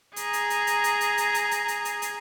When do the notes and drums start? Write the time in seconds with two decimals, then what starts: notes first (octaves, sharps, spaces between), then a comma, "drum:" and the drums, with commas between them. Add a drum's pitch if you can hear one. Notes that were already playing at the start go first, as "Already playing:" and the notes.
0.16 G#4 A#5, drum: hi-hat
0.33 drum: hi-hat
0.50 drum: hi-hat
0.67 drum: hi-hat
0.84 drum: hi-hat
1.01 drum: hi-hat
1.17 drum: hi-hat
1.34 drum: hi-hat
1.51 drum: hi-hat
1.68 drum: hi-hat
1.85 drum: hi-hat
2.02 drum: hi-hat